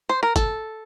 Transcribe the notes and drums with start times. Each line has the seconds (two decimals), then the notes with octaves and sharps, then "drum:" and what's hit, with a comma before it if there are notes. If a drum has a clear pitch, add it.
0.09 C5
0.23 A#4
0.36 A4, drum: kick, hi-hat